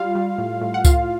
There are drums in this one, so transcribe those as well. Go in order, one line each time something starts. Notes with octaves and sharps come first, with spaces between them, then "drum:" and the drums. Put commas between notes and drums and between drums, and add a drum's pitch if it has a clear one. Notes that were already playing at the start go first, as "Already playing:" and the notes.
Already playing: G3 F4 F5
G3
A2
A2
F#5
A2 F4 F5, drum: kick C#2, tambourine